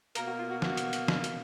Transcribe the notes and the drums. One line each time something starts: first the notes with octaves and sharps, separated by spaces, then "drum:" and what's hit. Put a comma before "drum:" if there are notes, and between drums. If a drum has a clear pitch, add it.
B2 A#3 A#4, drum: hi-hat
F#4
F4
F#4
F#4, drum: snare
drum: hi-hat
drum: hi-hat
drum: snare
drum: hi-hat